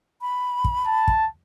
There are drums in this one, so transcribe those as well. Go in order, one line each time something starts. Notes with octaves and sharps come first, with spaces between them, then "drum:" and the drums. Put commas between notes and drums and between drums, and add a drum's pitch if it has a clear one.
B5
drum: kick
A5
drum: kick